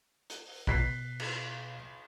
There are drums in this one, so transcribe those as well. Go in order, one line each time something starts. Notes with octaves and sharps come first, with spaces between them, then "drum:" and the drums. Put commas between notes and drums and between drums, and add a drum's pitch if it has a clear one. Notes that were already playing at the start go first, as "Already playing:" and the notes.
drum: hi-hat
drum: open hi-hat
B2 F#6 B6 C7, drum: kick
drum: cymbal